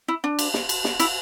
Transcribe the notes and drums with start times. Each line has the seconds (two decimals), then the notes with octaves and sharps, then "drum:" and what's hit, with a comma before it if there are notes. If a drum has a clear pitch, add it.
0.08 E4
0.24 D4
0.39 drum: cymbal
0.54 drum: snare
0.69 drum: cymbal
0.84 drum: snare
1.00 E4, drum: cymbal